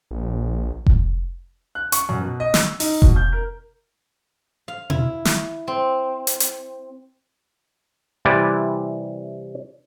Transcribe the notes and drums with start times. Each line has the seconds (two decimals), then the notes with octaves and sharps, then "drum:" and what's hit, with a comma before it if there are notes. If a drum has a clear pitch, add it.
0.11 A#1
0.86 drum: kick F1
1.75 F#6
1.92 C#6, drum: hi-hat
2.09 F#2
2.21 B2
2.40 D#5
2.54 E6, drum: snare
2.80 D#4, drum: open hi-hat
3.02 B2, drum: kick F1
3.16 G6
3.32 A#4
4.68 F5
4.90 E4, drum: tom B2
5.25 drum: snare
5.68 C4
6.27 drum: hi-hat
6.40 drum: hi-hat
8.25 C3 E3 G3 E4 B4 D5